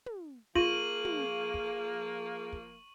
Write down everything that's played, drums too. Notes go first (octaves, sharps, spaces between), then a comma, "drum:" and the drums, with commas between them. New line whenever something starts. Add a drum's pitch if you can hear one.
drum: tom
F3 A#3 F4 G#4 C#6 D#7 F#7, drum: kick
drum: tom
drum: kick
drum: kick